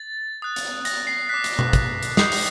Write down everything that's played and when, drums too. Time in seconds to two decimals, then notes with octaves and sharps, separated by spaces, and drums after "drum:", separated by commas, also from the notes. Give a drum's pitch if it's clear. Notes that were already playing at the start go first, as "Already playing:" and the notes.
Already playing: A6
0.42 D#6 F#6
0.56 drum: hi-hat
0.85 A#6, drum: hi-hat
1.07 C7
1.29 D6 F#6 B6
1.44 drum: hi-hat
1.59 drum: tom B2
1.73 drum: kick, hi-hat
2.03 drum: hi-hat
2.17 D#6 G6 C7, drum: snare
2.32 drum: open hi-hat